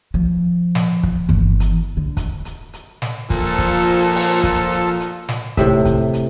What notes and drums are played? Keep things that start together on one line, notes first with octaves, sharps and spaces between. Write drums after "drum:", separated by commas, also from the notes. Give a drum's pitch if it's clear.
F3
drum: snare
drum: kick
G1 E3
drum: hi-hat
D3
drum: kick, hi-hat
drum: hi-hat
drum: hi-hat
drum: snare
A#2 F3 A4, drum: kick
drum: kick, hi-hat
drum: hi-hat
drum: open hi-hat
drum: kick, hi-hat
drum: hi-hat
drum: hi-hat
drum: snare
A2 C3 E5, drum: kick, hi-hat
drum: kick, hi-hat
drum: hi-hat